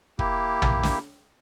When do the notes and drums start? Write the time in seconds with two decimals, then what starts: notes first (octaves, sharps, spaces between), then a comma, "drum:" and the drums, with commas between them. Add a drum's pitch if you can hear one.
0.19 A#3 E4 G4, drum: kick
0.62 drum: tom
0.83 drum: snare